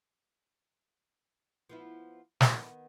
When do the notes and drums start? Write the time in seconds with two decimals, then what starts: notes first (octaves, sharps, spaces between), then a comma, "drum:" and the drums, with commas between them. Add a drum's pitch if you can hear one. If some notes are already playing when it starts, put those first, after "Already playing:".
1.69 F3 B3 E4
2.41 D#3 B3, drum: snare